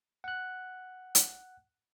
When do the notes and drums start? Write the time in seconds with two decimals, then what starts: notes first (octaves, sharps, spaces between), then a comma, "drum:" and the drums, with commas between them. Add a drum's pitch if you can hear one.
0.24 F#5 F#6
1.15 drum: hi-hat